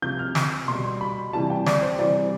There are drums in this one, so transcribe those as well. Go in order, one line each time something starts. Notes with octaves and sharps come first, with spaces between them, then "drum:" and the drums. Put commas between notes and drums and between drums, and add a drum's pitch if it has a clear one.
C3 F3 G6
F6
E6, drum: snare
B2 G3 C6
B5
C3 E3 G3 A5
G5
D5, drum: snare
C5
C3 E3 G3 D5